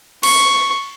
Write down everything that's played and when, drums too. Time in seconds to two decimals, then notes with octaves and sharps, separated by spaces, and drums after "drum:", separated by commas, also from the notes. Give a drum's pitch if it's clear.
0.23 C#6, drum: cymbal